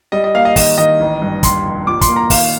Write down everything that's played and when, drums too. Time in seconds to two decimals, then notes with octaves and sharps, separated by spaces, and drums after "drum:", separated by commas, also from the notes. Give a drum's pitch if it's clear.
0.12 G3 D#5
0.24 D#5
0.35 A#3 F5
0.45 D#5
0.56 D#3 D#5, drum: kick, open hi-hat
0.78 D#3 D#5
1.00 A1
1.22 G2
1.43 D#2 C6, drum: kick, hi-hat
1.65 F1
1.87 A#2 D6
2.01 C6, drum: kick, hi-hat
2.09 A#3
2.16 A#5
2.30 D#3 F5, drum: kick, open hi-hat